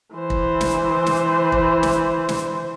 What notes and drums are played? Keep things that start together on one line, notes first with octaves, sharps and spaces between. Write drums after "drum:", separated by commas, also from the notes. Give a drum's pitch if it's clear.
E3 C5
drum: kick
drum: snare
drum: snare
drum: kick
drum: snare
drum: snare